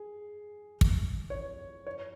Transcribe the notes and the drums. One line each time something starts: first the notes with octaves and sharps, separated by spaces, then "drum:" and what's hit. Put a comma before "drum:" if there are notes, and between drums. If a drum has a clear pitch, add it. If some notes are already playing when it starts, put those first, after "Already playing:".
Already playing: G#4
drum: kick
C#5
C#5